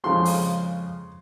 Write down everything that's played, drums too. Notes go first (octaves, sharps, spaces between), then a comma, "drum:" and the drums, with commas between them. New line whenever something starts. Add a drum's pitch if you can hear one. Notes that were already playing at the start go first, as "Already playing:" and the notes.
F2 C#3 F3 G#3 C6
drum: open hi-hat